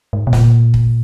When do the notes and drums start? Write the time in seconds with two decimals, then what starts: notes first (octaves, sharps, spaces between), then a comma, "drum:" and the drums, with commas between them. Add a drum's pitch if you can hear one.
0.13 G#2
0.27 B2
0.33 A#2, drum: snare
0.74 drum: kick